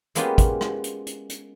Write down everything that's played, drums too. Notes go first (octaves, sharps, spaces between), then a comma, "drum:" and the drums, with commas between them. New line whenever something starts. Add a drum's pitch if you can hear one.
G#3 A#3 B3 C#4 F4 G4, drum: hi-hat
drum: kick, hi-hat
drum: rim click
drum: hi-hat
drum: hi-hat
drum: hi-hat